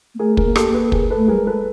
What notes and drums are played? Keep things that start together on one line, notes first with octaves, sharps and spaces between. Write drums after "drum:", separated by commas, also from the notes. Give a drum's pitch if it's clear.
A#3
A3 G#4 A#4
G#4 A#4, drum: kick
A#3
G4 A4, drum: rim click
A#3
A4 B4
G#4 A#4, drum: kick
A4 B4
A3
G3 G#4 A#4
G#3
A4 B4